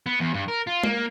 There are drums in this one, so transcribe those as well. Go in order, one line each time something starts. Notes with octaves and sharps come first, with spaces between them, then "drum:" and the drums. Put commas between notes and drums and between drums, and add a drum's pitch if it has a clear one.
B3
E2
G2
A#4
F4
A#3, drum: tom G#3